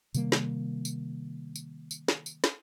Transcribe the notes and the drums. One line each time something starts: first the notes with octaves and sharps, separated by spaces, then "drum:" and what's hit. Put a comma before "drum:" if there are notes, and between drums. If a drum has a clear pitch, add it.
C3 D#3 G3 A#3, drum: tambourine
drum: snare
drum: tambourine
drum: tambourine
drum: tambourine
drum: snare
drum: tambourine
drum: snare